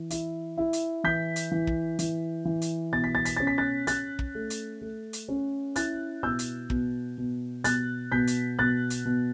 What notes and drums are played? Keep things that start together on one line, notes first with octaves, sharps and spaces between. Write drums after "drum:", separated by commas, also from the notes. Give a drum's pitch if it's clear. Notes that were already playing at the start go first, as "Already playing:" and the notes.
Already playing: E3
E4, drum: hi-hat
E4
drum: hi-hat
E3 G6 B6
drum: hi-hat
E3
drum: kick
E3, drum: hi-hat
E3
drum: hi-hat
B2 A6
B6
A6
B6, drum: hi-hat
C#4 A6
B6
F#6 A6
C#4 F#6 A6, drum: hi-hat
drum: kick
A3
drum: hi-hat
A3
drum: hi-hat
C#4
E4 F#6 A6, drum: hi-hat
B2 E6 G6
drum: hi-hat
B2, drum: kick
B2
B2 F#6 A6, drum: hi-hat
B2 G6 B6
drum: hi-hat
B2 F#6 A6
drum: hi-hat
B2